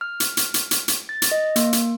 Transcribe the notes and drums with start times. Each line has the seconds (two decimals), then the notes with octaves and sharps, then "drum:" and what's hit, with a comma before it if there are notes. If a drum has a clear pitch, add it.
0.01 F6
0.20 drum: hi-hat
0.37 drum: hi-hat
0.54 drum: hi-hat
0.71 drum: hi-hat
0.88 drum: hi-hat
1.09 A6
1.22 drum: hi-hat
1.32 D#5
1.56 A#3, drum: hi-hat
1.73 drum: hi-hat